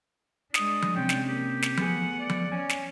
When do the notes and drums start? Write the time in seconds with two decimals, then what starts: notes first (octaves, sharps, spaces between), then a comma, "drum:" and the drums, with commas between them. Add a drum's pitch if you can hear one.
0.54 G#3 D4 D#6, drum: snare
0.82 drum: tom F3
0.96 C3 C#4 G5
1.09 drum: snare
1.28 A#3 G4
1.63 drum: snare
1.77 A3 B3 G#4 F#5, drum: tom F3
2.20 D5
2.30 drum: tom F3
2.52 C#4 G#5
2.70 drum: snare